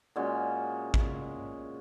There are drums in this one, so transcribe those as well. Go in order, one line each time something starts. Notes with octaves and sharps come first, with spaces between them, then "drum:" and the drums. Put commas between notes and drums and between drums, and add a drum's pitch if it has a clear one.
A#2 G#3 C#4 F#4
drum: kick A1